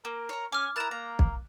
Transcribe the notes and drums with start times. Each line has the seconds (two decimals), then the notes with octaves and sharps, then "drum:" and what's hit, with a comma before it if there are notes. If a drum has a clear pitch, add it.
0.05 A#3 A#4
0.29 C#5 A#5
0.52 C#4 G#5 D6 F6
0.76 E4 A#4 A#5 F#6 A6 E7
0.91 A#3 A#5
1.19 drum: kick B1